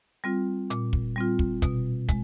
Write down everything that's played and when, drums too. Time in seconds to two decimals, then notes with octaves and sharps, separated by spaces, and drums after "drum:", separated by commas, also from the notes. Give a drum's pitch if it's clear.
0.24 G3 C4 F4
0.70 A#2, drum: hi-hat
0.93 drum: kick
1.16 G3 C4 F4
1.39 drum: kick
1.62 B2, drum: kick, hi-hat
2.09 G#3, drum: kick, hi-hat